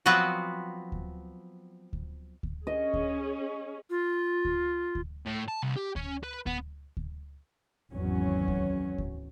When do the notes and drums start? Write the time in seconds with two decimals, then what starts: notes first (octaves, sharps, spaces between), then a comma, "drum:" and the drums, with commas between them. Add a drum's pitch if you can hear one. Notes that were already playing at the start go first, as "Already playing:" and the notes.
0.06 F3 F#3 B3 C4 F#4 B4
0.92 drum: kick D2
1.93 drum: kick D2
2.43 drum: kick D2
2.67 C#4 G#4 D#5
2.94 drum: kick D2
3.90 F4
4.45 drum: kick D2
4.95 drum: kick D2
5.26 A2
5.48 A5
5.63 C2
5.76 G4
5.96 C#4, drum: kick D2
6.23 B4
6.46 B3, drum: kick D2
6.97 drum: kick D2
7.91 G#1 E2 F#3 C#4
8.48 drum: kick D2
8.98 drum: kick D2